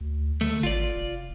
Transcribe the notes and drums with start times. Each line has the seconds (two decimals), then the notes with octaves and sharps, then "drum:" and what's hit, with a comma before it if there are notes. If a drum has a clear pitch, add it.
0.01 D2
0.41 D3 A3, drum: open hi-hat
0.63 G#1 F4 D5
0.96 F1